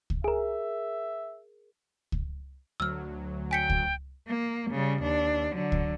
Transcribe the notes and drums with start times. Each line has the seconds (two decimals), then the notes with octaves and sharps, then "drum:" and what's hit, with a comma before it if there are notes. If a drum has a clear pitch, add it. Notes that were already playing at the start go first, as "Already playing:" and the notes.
0.10 drum: kick C#2
0.24 G#4 A#4 E5
2.12 drum: kick C#2
2.80 D2 F#3 E6 F6
3.51 G5 G#5 B6 C#7
3.70 drum: kick C#2
4.28 A#3
4.71 C#3 G3
5.02 D#2 D4
5.54 D3 F#3
5.72 drum: kick C#2